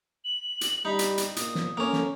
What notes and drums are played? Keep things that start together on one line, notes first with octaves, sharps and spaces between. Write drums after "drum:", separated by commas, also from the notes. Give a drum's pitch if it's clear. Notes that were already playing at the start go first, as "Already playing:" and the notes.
F#7
drum: hi-hat
G3 D#4 B5
drum: hi-hat
drum: hi-hat
A#2 D#6, drum: hi-hat
drum: snare
A#3 C#4 A4
drum: snare